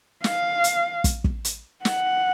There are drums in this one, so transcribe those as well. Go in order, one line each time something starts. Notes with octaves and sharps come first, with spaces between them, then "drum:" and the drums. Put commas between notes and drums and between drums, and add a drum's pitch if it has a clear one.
F5, drum: snare
drum: hi-hat
drum: kick, hi-hat
drum: kick
drum: hi-hat
F#5, drum: snare